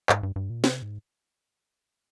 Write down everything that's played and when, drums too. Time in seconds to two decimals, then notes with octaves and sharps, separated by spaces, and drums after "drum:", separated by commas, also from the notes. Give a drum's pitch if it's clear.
0.09 G#2, drum: clap
0.23 G2
0.36 G2
0.50 A#2
0.64 C3, drum: snare
0.82 G#2